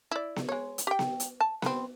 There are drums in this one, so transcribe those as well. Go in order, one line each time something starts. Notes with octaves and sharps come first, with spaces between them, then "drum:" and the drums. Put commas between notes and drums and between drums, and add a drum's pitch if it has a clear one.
E4 D5
drum: snare B3
G#3 C#5
drum: hi-hat
G4 G5
drum: snare B3
drum: hi-hat
A5
B3 C4, drum: snare B3